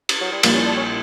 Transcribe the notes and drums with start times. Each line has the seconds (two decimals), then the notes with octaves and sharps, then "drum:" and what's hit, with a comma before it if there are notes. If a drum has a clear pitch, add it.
0.09 drum: cymbal
0.21 F#3
0.32 G3
0.43 A#1 A#2 G3 A#3, drum: cymbal
0.55 C#4
0.66 D4
0.77 C#4